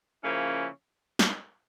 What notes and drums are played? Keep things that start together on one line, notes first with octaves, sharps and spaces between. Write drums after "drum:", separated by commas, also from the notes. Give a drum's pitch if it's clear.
C#3 F3 A#3 C#4 E4
drum: snare